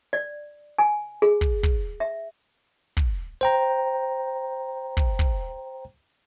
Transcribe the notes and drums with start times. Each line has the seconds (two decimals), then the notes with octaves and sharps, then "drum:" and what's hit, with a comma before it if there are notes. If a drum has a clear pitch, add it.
0.13 D5
0.79 G#5
1.22 G#4
1.41 drum: kick
1.63 drum: kick
2.00 E5
2.97 drum: kick
3.41 C5 G5 A#5
4.97 drum: kick
5.19 drum: kick